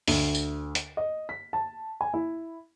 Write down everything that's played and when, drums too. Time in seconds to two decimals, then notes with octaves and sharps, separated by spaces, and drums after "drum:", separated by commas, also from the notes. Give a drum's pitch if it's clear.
0.08 D2, drum: open hi-hat
0.35 drum: tambourine
0.75 drum: hi-hat
0.97 D#5
1.29 B6
1.53 A5
2.01 G#5
2.14 E4